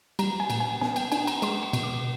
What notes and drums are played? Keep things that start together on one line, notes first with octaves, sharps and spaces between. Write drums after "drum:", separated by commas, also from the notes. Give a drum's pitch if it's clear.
G3 A#5, drum: cymbal
G#5
A#2, drum: cymbal
G#5
B3 G#5, drum: snare
G5, drum: cymbal
D4 G#5, drum: cymbal
A#5, drum: cymbal
G#3 C6, drum: cymbal
C#6
B2, drum: cymbal
D6